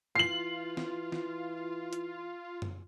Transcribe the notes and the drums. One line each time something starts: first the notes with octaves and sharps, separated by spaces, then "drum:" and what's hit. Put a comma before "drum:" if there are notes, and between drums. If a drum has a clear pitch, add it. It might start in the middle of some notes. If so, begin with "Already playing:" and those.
E3 F4 C7 F#7
drum: snare
drum: snare
drum: hi-hat
drum: tom F#2